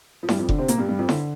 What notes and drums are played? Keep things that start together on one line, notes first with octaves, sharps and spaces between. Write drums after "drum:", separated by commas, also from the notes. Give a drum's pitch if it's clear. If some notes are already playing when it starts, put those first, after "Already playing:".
F3
G2 G3, drum: snare E4
F2 F3
D3 D4, drum: kick F1
C3 C4
A#2 A#3, drum: hi-hat
G2 G3
G2 G3
F2 F3
D3, drum: snare E4